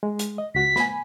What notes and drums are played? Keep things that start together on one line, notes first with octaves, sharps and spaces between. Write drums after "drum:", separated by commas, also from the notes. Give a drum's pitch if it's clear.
G#3
drum: hi-hat
D#5
C#2 F#4 B6
G#5 B5, drum: snare